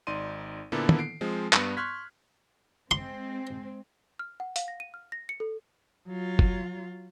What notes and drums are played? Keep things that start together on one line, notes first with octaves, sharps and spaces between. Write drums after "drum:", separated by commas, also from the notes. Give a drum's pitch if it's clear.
G#1 D#4 D5 C6 D#7
A#2 D3 A#3 B3 E4 A4
drum: tom
C7 D7
F3 G#3 C4
G2 B3, drum: clap
C6 C#6 F6 F#6 G#6 B6
G#3 C4 C6
F6
F#5
F5, drum: hi-hat
A#6
D#7
F6
A#6
C#7
A4
F#3 F4
drum: kick